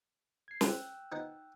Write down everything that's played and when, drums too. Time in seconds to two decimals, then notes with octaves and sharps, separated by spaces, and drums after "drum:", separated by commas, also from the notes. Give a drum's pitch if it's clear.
0.48 G#6 C7
0.61 G5 E6 F#6, drum: snare
1.12 B3 D#4 F#5